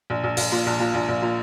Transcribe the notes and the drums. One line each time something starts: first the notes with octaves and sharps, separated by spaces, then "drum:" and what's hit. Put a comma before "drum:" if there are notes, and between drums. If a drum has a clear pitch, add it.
A#1
A#1
A#1, drum: open hi-hat
A#2
A#1
A#2
A#1
A#1
A#2